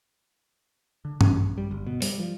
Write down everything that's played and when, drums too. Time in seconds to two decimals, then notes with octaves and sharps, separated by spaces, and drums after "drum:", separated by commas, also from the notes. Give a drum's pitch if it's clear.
1.05 D3
1.21 C#4, drum: tom G2
1.34 A#1
1.58 G3
1.71 G1
1.87 B2
2.02 G3, drum: open hi-hat
2.19 F3